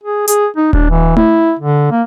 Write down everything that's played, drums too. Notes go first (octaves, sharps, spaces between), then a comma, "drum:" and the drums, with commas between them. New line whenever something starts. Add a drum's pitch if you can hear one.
G#4
G#4, drum: hi-hat
D#4
D4, drum: kick D#1
E3
E4, drum: tom A3
D3
A#3